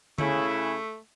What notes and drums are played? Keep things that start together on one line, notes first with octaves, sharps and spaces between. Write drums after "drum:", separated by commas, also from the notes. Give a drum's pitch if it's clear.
C#3 A3 E4, drum: tom D3